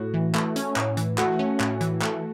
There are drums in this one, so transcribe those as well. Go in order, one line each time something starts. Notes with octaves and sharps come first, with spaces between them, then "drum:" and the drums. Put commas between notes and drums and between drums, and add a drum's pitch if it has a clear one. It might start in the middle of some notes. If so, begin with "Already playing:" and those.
Already playing: A2 F#4
E3
A3, drum: clap
C#4, drum: hi-hat
A2, drum: clap
E3, drum: hi-hat
A3 F#4, drum: clap
C#4
A2, drum: clap
E3, drum: hi-hat
A3, drum: clap